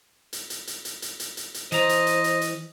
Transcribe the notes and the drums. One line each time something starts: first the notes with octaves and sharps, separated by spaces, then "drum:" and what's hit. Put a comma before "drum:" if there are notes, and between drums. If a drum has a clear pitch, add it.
drum: hi-hat
drum: hi-hat
drum: hi-hat
drum: hi-hat
drum: hi-hat
drum: hi-hat
drum: hi-hat
drum: hi-hat
E3 C5 D#5 A#5, drum: hi-hat
drum: hi-hat
drum: hi-hat
drum: hi-hat
drum: hi-hat